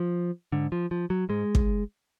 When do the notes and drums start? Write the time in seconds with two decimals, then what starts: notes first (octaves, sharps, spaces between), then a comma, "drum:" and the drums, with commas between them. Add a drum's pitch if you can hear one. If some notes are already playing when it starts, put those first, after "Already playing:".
Already playing: F3
0.52 G#2 D3
0.72 F3
0.91 F3
1.10 F#3
1.29 G#2 G#3
1.55 drum: kick